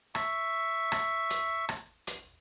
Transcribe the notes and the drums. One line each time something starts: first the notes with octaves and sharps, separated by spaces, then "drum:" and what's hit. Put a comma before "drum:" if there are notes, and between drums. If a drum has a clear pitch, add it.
E5 C#6, drum: rim click
drum: rim click
drum: hi-hat
drum: rim click
drum: hi-hat